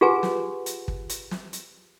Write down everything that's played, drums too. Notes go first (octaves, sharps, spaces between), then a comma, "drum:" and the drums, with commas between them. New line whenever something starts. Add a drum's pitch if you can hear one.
F4 G4 G#4 B4 F#5 G#5
drum: snare
drum: hi-hat
drum: kick
drum: hi-hat
drum: snare
drum: hi-hat